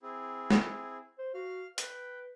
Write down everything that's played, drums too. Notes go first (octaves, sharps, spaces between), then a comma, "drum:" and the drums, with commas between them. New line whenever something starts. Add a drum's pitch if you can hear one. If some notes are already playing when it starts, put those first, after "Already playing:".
C4 E4 G#4
drum: snare
C5
F#4 F5 F6
B4 G5, drum: hi-hat